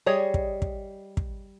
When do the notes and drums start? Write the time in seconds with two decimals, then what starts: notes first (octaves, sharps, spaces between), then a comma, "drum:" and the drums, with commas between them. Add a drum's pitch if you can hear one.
0.06 G3 G#4 C#5 D#5
0.34 drum: kick
0.62 drum: kick
1.17 drum: kick